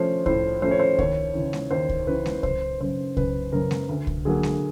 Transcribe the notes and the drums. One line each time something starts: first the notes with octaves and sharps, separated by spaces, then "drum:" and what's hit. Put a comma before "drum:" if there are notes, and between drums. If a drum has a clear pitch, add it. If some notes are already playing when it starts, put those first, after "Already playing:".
Already playing: F3 A3 C#4 C5 C#5
A2 C5, drum: kick C2
F3 A3 C#4 C5
C#5
C5
D#2 C#5, drum: kick C2
C#3 E3
drum: snare G#3
D#2 C5
drum: kick C2
C#3 E3 B4
drum: snare G#3
F#1 C5, drum: kick C2
F#2 C#3 C5
F#1 B4, drum: kick C2
F#2 C#3 A#4
drum: snare G#3
D2
drum: kick C2
D3 F#3 A#3 G#4
drum: snare G#3